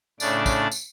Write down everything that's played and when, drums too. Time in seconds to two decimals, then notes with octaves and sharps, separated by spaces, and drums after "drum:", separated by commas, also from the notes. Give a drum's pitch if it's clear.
0.20 A2 C#3 D4 D5, drum: tambourine
0.46 drum: kick, tambourine
0.72 drum: tambourine